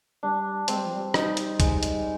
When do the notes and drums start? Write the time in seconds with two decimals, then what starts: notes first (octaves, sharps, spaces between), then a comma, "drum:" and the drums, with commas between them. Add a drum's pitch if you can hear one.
0.23 G3 D4
0.68 G#3 C4, drum: hi-hat
0.77 G3
0.85 F3
0.95 G3
1.14 D#4, drum: rim click
1.37 drum: hi-hat
1.60 G#3, drum: kick, hi-hat
1.83 drum: hi-hat